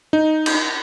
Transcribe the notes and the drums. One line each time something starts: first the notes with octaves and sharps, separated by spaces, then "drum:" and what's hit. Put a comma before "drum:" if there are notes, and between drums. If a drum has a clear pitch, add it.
D#4
drum: cymbal